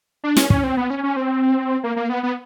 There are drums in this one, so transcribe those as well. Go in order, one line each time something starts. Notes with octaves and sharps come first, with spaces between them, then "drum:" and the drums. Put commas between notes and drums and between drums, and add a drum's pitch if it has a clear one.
D4
C#4, drum: snare
C#4, drum: kick
C4
B3
C#4
C#4
C4
A#3
A#3
B3
B3